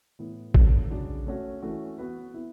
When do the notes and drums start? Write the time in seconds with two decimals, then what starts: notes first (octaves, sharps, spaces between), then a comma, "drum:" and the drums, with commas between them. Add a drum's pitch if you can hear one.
0.19 A2 E3 B3 E4
0.54 F#3 B3 D4 A4, drum: kick A1
0.90 C#3 G#3 D4 F#4
1.27 A3 C#4 F#4
1.62 E3 A3 C#4 F#4
1.98 B3 F#4 B4
2.34 B3 E4